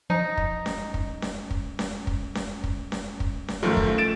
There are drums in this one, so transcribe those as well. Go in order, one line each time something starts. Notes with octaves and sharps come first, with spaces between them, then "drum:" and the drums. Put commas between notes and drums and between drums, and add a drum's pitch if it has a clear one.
F3 D#4
drum: kick
drum: snare C#4
drum: kick
drum: snare C#4
drum: kick
drum: snare C#4
drum: kick
drum: snare C#4
drum: kick
drum: snare C#4
drum: kick
drum: snare C#4
F#2 D#3 F3 A3
drum: kick
A6 D7 E7